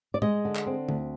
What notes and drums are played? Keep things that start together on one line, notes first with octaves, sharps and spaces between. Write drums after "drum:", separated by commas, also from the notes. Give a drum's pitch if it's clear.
D5
G#3 D#5, drum: tom A#2
D3
drum: clap
C4
D2, drum: tom